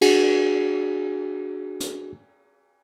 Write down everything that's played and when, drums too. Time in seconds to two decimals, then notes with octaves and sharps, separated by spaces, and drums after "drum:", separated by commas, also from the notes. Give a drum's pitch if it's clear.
0.01 D4 F#4 G#4, drum: cymbal
1.80 drum: hi-hat